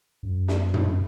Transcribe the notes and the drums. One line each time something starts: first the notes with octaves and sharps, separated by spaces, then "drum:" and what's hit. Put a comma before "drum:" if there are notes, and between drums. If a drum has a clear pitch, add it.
F#2
drum: snare
drum: tom